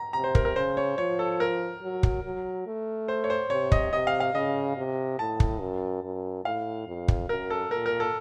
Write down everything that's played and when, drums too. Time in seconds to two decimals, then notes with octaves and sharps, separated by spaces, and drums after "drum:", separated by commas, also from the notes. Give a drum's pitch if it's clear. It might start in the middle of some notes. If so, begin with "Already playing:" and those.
Already playing: A#5
0.13 C3 A#5
0.24 C5
0.35 A#4, drum: kick
0.45 A#4
0.56 C#3 C5
0.77 C#5
0.98 F3 C#5
1.19 A4
1.40 A#4
1.82 F#3
2.03 drum: kick
2.24 F#3
2.67 A3
3.08 C5
3.24 C#5
3.30 C5
3.50 C3 C#5
3.72 D#5, drum: kick
3.93 C3 D#5
4.07 F5
4.20 F5
4.34 C#3 D#5
4.77 C3
5.19 A2 A5
5.40 drum: kick
5.60 F#2
6.02 F#2
6.45 A2 F5
6.87 F2
7.08 drum: kick
7.29 F#2 A#4
7.50 A4
7.71 A#2 A#4
7.86 A#4
8.00 A4